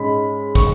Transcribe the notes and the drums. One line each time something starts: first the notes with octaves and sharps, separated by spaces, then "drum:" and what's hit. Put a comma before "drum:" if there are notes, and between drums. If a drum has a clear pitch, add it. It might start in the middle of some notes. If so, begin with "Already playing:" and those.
Already playing: G#2 G#3 C#4 B5
C#6, drum: kick, cymbal